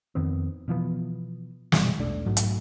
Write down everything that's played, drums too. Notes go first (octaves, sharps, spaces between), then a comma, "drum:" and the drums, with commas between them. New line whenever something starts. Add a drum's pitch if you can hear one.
F2 D#3 B3 C4
B2 E3 F3 B3
F#1 B2 E3 G3, drum: snare
E1 B1 A3 D4
B1 G#2 F#3 A3
drum: hi-hat